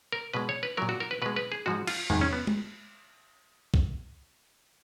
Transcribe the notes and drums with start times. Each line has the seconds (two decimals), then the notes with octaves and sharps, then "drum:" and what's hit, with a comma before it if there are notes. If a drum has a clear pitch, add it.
0.12 A#4
0.34 B2 G#3 B4
0.49 C#5
0.63 B4
0.77 A#2 F#3 A#4
0.89 F#4
1.00 A#4
1.11 B4
1.22 B2 G#3 B4
1.36 B4
1.52 G#4
1.66 G#2 F3 G#3 F#4
1.87 F4, drum: cymbal
2.10 G#2 D#3 G#3, drum: tom E2
2.21 C#4
2.33 B3
2.47 drum: tom G#3
3.74 drum: kick B1